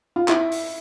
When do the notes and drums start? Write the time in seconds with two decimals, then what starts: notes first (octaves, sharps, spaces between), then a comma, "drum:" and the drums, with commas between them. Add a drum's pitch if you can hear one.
0.16 F4
0.28 E4, drum: clap
0.52 drum: open hi-hat